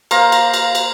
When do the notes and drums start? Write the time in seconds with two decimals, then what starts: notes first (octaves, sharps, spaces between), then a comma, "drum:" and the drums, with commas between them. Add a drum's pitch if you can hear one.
0.11 A#3 C5 F5 A#5, drum: cymbal
0.32 drum: cymbal
0.54 drum: cymbal
0.75 drum: cymbal